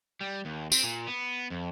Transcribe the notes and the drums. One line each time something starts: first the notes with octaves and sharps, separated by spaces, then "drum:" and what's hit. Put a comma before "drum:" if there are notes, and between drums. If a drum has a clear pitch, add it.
G3
D#2
C4, drum: tambourine
A#2
B3
F2